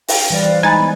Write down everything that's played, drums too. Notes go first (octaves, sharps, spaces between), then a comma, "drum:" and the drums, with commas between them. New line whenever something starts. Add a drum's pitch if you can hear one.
F5 G5, drum: open hi-hat
E3 G3 B4 D5 F5
C5
G#3 D#4 B4 G#5 B5 A6
B3